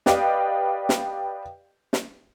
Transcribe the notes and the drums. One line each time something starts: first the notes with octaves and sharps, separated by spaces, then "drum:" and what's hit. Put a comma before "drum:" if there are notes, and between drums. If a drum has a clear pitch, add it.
G4 B4 D5 D#5 F5 G5, drum: snare
drum: snare
drum: snare